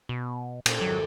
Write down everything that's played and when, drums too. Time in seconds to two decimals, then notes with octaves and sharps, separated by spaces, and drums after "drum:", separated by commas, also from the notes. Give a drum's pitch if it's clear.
0.09 B2
0.66 A#2 A4, drum: cymbal
0.81 G#1 F2 F#3